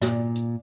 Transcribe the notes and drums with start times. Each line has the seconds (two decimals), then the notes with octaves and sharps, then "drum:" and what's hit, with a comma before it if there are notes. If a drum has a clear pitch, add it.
0.01 A#2, drum: snare
0.35 drum: hi-hat